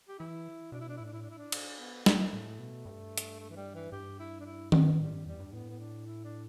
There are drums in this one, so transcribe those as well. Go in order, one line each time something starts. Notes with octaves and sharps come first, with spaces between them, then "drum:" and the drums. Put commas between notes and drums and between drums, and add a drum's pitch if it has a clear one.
G4
E3 E4
B2 D4
E4
D4
A2 E4
D4
E4
D4
E4
D4
drum: cymbal
B3
A3, drum: snare
A2
B2
G2
drum: hi-hat
A3
E3
G3
E3
G2 G4
E4
D4
E4
B3, drum: tom D#3
A2 G3
G2
E2 G3
G2
A2 B3
B3
D4
E4
D4